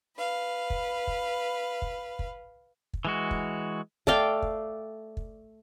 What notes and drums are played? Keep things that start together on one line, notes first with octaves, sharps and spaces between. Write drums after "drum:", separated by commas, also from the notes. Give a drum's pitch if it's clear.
B4 F5
drum: kick
drum: kick
drum: kick
drum: kick
drum: kick
E3 G#3 F#4
drum: kick
A3 D5 F5 G5, drum: kick
drum: kick
drum: kick